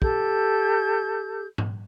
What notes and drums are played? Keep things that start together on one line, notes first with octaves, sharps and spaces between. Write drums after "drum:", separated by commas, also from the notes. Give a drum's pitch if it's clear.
G4 A4 G6, drum: kick
drum: tom G#2